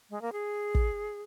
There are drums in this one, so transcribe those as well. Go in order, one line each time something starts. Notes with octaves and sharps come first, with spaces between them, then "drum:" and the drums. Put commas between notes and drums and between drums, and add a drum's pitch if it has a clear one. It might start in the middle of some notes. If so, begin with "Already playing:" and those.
G#3
A#3
G#4
drum: kick